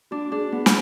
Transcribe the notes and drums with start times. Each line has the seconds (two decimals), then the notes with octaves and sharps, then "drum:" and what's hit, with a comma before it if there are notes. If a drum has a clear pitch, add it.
0.11 D4 F#4
0.32 D4 G#4
0.52 B3 G#4
0.66 drum: snare